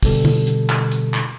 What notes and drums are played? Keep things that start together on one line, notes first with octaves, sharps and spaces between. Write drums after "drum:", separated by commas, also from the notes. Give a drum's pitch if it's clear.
B2 D3 G3 A4, drum: kick, open hi-hat
drum: tom C#3
drum: hi-hat
drum: clap
drum: hi-hat
drum: clap